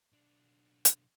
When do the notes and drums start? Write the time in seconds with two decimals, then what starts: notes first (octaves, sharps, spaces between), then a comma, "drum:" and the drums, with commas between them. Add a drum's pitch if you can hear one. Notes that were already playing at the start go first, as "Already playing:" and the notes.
0.12 B1 D4
0.85 drum: hi-hat